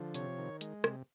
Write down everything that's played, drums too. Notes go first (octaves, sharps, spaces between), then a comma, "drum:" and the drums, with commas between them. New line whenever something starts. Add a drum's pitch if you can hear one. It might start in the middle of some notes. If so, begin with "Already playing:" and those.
Already playing: D3 F3
C3 C#5, drum: hi-hat
D#3
G#3, drum: hi-hat
C3, drum: rim click